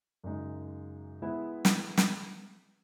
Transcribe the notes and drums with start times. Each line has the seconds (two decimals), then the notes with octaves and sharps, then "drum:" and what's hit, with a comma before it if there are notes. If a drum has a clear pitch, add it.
0.24 F#2 C#3 G#3 D#4
1.22 G#3 B3 E4 B4 E5
1.65 drum: snare
1.98 drum: snare